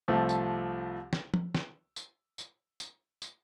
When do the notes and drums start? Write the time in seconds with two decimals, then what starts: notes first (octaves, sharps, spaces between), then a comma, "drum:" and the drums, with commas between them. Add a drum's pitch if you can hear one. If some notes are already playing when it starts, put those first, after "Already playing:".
0.08 C2 C3 F3 A3
0.29 drum: tambourine
1.13 drum: snare
1.34 drum: tom
1.55 drum: snare
1.96 drum: tambourine
2.38 drum: tambourine
2.80 drum: tambourine
3.22 drum: tambourine